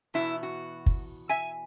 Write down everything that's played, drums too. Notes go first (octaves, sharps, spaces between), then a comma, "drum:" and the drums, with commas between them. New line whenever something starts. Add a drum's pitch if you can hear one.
E2 B2 B3 E4
F#4
drum: kick
E5 G#5